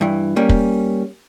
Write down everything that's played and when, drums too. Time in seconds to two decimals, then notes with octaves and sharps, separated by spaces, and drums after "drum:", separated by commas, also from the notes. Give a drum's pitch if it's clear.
0.01 G2 E3
0.36 G3 A#3 C#4
0.49 drum: kick